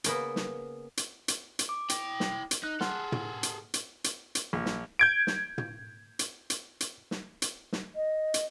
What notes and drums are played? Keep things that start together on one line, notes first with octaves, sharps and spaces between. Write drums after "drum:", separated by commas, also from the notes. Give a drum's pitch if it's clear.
C#3 A#3 B3, drum: hi-hat
drum: snare
drum: hi-hat
drum: hi-hat
drum: hi-hat
D6
E4 G5, drum: hi-hat
drum: snare
drum: hi-hat
D#4 F#6
G#4 A4 F#5 C6 F6, drum: snare
drum: tom
drum: hi-hat
drum: hi-hat
drum: hi-hat
drum: hi-hat
A#1
drum: snare
G6 G#6 D7
drum: snare
drum: tom
drum: hi-hat
drum: hi-hat
drum: hi-hat
drum: snare
drum: hi-hat
drum: snare
D#5
drum: hi-hat